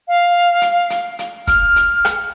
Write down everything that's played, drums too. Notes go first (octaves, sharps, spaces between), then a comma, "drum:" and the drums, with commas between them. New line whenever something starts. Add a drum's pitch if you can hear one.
F5
drum: hi-hat
drum: hi-hat
drum: hi-hat
F6, drum: kick, hi-hat
drum: hi-hat
drum: rim click